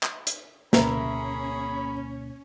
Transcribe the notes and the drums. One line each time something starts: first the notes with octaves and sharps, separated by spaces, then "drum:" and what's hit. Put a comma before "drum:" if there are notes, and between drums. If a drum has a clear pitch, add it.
drum: clap
drum: hi-hat
D2 B2 A#3 C#4 G#4 A#4 E5 B5, drum: snare